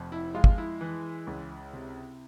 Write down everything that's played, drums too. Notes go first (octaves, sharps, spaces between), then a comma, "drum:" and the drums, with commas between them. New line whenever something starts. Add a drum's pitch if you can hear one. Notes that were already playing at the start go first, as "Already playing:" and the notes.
Already playing: F1 F2
E4
G#3 F4
drum: kick
E4
E3
C#2
C3